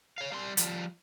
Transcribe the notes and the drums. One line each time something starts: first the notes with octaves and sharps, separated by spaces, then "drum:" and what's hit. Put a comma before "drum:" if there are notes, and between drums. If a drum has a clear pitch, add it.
C#5 F5
G3 C6
F3 G3, drum: hi-hat